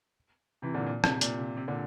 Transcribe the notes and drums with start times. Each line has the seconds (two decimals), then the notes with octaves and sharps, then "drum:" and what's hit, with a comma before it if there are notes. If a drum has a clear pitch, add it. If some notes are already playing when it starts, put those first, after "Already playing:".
0.62 C3 E3
0.74 A#2 D3
0.86 A#2
1.04 C3, drum: rim click
1.21 A#2, drum: hi-hat
1.39 C3
1.57 C3
1.68 A#2 D3